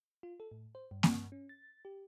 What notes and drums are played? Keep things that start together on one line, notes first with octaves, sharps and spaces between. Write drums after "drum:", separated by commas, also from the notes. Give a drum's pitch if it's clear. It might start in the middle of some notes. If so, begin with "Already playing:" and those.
F4
A4
A2
C5
G2
drum: snare A#3
C#4
A6
G4